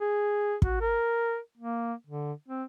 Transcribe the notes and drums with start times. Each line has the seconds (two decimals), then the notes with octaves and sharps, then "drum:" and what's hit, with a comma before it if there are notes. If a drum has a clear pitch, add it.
0.01 G#4
0.62 F#4, drum: kick
0.81 A#4
1.57 A#3
2.07 D3
2.48 C4